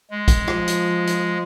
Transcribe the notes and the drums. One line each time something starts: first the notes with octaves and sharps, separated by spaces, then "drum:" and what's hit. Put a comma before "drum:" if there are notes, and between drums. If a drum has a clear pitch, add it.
G#3
drum: kick, hi-hat
F3, drum: rim click
drum: hi-hat
drum: hi-hat